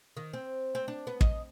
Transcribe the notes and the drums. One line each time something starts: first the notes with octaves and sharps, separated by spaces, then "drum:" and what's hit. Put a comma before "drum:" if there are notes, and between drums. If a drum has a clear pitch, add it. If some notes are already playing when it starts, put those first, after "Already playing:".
D#3
C4
C4
D4
B3
D#5, drum: kick